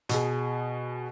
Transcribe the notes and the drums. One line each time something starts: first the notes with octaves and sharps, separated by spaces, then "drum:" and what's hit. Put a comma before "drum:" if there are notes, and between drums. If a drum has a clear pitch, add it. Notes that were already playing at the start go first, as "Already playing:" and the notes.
B2 G#4, drum: hi-hat